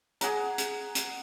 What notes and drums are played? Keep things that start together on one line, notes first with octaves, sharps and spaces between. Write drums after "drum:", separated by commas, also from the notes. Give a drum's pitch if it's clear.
G#4 F#5 A#5, drum: hi-hat
drum: hi-hat
drum: hi-hat